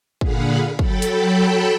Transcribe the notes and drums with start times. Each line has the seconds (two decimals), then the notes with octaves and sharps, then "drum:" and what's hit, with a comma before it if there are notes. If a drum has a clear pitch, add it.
0.21 A#2 D3 G#4 F5 F#5 B5, drum: kick
0.79 F#3 A4 G5 A5 B5, drum: kick
1.02 drum: hi-hat